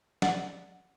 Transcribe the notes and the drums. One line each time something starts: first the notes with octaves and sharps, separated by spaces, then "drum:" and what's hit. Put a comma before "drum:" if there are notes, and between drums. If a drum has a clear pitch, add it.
D5 F#5, drum: snare